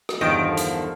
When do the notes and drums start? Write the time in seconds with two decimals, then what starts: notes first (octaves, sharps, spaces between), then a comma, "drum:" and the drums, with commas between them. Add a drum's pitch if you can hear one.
0.09 drum: rim click
0.21 G1 E2 D3 D#3 F3 D#5 G5 D7
0.57 drum: hi-hat